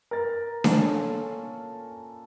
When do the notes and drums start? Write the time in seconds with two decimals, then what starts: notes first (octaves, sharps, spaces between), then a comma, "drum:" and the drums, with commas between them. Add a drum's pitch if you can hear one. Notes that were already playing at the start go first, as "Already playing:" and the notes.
0.11 A#4 A6
0.64 A#2 C#4 A4, drum: snare D4